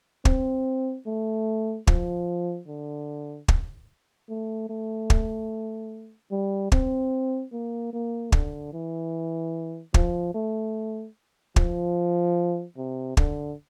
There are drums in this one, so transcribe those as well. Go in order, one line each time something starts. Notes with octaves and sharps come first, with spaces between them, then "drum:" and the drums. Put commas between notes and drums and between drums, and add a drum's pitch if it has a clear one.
C4, drum: kick
A3
F3, drum: kick
D3
drum: kick
A3
A3
drum: kick
G3
C4, drum: kick
A#3
A#3
D3, drum: kick
E3
F3, drum: kick
A3
F3, drum: kick
C3
D3, drum: kick